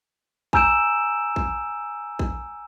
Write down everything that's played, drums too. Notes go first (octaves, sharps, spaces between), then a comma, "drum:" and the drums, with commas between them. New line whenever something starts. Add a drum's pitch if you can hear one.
G#5 A#5 E6 G6 D7 E7, drum: kick A#1
drum: kick A#1
drum: kick A#1